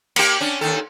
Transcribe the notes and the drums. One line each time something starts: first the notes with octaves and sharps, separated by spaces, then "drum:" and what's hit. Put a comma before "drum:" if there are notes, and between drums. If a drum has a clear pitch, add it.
A#3 G4, drum: cymbal
C#4 D4
D#2 D#3 A4